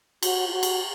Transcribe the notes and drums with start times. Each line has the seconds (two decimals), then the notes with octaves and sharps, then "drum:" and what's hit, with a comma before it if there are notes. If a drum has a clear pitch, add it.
0.23 F#4, drum: cymbal
0.47 F4
0.53 F#4
0.63 drum: cymbal